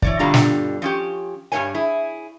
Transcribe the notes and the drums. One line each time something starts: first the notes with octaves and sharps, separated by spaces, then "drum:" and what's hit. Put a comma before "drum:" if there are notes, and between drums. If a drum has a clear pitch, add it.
E3 C#5 D5, drum: kick
G2 B2 D3 G3 F4 A#5
drum: snare
F3 C#4 G4
G2 G3 A#3 B4 C#5 G#5
E4 G#4